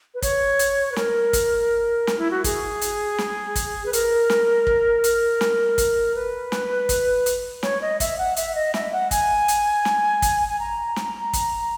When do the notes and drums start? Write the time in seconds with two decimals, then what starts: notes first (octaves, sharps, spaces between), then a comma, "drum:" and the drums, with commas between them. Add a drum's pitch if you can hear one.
0.14 B4
0.22 C#5, drum: kick, hi-hat
0.59 drum: hi-hat
0.92 B4
0.96 A#4, drum: snare
1.33 drum: kick, hi-hat
2.07 drum: snare
2.18 E4
2.31 F#4
2.44 G#4, drum: kick, hi-hat
2.81 drum: hi-hat
3.18 drum: snare
3.56 drum: kick, hi-hat
3.86 B4
3.93 A#4, drum: hi-hat
4.30 drum: snare
4.67 drum: kick
5.04 drum: hi-hat
5.41 drum: snare
5.78 drum: kick, hi-hat
6.15 B4
6.52 drum: snare
6.89 drum: kick, hi-hat
7.26 drum: hi-hat
7.63 C#5, drum: snare
7.82 D#5
8.00 E5, drum: kick, hi-hat
8.18 F#5
8.36 E5, drum: hi-hat
8.55 D#5
8.74 E5, drum: snare
8.93 F#5
9.11 G#5, drum: kick, hi-hat
9.48 drum: hi-hat
9.85 drum: snare
10.22 drum: kick, hi-hat
10.48 G#5
10.60 A#5
10.96 drum: snare
11.33 drum: kick, hi-hat